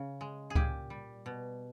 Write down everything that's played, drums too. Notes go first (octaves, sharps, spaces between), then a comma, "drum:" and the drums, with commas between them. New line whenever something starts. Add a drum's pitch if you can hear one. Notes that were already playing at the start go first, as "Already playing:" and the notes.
Already playing: C#3
G#3
G#4
A#2 G4, drum: kick C#2
G3
B2